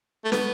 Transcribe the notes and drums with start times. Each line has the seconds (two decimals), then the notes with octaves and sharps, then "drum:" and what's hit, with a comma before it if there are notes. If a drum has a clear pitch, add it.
0.25 A3
0.32 B3, drum: snare